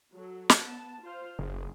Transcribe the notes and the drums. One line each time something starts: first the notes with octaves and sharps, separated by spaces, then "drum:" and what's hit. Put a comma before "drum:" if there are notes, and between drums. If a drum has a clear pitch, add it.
F#3 A4
drum: snare
B3 A5
F4 C5 F5
F#1 G#4